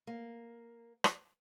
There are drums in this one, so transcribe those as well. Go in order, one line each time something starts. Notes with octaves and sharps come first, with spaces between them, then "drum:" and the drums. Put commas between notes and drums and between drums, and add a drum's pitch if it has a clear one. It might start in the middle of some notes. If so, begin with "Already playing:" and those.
A#3
drum: rim click